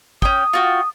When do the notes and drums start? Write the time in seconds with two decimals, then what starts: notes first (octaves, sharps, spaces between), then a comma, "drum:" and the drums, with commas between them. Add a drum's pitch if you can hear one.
0.22 C#4 G5 D#6, drum: kick
0.53 F4 F#4 G5